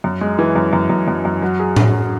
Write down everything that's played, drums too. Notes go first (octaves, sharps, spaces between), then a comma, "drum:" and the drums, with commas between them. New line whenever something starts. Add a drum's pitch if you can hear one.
F#2
G#3
E3
F#2
F#2
F#2
F#2
F#2
F#3
G#4
F#3, drum: tom A2
F#3